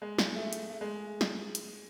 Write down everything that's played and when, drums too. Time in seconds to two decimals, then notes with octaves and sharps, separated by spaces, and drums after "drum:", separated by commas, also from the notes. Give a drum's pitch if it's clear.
0.02 G#3
0.19 drum: snare
0.36 A3
0.53 drum: hi-hat
0.70 A3
0.81 G#3
1.21 drum: snare
1.55 drum: hi-hat